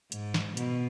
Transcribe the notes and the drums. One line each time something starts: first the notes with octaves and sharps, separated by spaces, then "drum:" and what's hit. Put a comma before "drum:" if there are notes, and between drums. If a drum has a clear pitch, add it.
G#2, drum: hi-hat
drum: snare
B2, drum: hi-hat